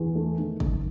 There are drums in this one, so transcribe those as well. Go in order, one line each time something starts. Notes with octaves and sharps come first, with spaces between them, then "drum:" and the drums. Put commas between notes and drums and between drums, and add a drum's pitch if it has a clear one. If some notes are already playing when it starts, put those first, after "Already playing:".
Already playing: E2
A3
D#3
F#1, drum: kick